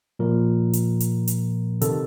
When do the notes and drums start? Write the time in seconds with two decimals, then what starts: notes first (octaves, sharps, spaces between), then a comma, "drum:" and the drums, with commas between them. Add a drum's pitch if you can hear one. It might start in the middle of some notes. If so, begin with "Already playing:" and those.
0.19 A#2 F3 A#4
0.73 drum: hi-hat
1.00 drum: hi-hat
1.28 drum: hi-hat
1.82 C3 D#3 A4, drum: hi-hat